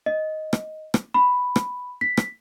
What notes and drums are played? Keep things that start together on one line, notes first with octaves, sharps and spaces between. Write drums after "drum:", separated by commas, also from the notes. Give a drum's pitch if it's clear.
D#5
drum: rim click
drum: rim click
B5
drum: rim click
B6
drum: rim click